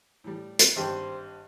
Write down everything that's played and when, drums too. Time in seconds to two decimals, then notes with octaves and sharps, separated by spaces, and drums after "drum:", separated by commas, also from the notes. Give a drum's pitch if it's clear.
0.24 A2 G3
0.59 drum: hi-hat
0.76 G#1 G2 G4 C5